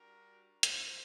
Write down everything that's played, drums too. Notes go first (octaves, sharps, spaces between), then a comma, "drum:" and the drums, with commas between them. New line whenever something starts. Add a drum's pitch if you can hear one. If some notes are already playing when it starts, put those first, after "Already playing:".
Already playing: G3 D4 F#4 A#4
A#3 F#4 C5, drum: hi-hat